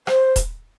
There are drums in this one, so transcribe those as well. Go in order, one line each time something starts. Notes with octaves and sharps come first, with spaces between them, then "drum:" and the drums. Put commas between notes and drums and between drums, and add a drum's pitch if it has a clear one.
C5, drum: rim click
drum: kick D#1, hi-hat